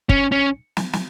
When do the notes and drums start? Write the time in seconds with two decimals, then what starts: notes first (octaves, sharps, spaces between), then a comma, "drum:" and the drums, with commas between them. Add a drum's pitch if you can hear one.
0.09 C#4, drum: kick
0.32 C#4
0.77 drum: snare
0.93 drum: snare